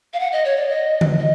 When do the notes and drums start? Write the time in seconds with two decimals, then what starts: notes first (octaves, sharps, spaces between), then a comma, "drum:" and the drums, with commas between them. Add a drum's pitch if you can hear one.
0.13 F5
0.19 F#5
0.33 D#5
0.45 C#5
0.57 D5
0.69 D#5
1.01 drum: tom D3
1.19 D#5